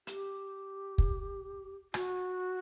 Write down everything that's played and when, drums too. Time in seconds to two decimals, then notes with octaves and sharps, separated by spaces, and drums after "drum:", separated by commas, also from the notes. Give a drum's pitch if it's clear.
0.07 G4, drum: hi-hat
0.98 drum: kick
1.94 F#4, drum: rim click